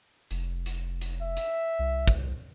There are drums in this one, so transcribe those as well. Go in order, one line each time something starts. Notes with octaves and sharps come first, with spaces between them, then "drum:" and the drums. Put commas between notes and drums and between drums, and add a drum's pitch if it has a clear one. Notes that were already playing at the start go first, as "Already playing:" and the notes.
F1, drum: hi-hat
drum: hi-hat
drum: hi-hat
E5
drum: hi-hat
C2
drum: kick, hi-hat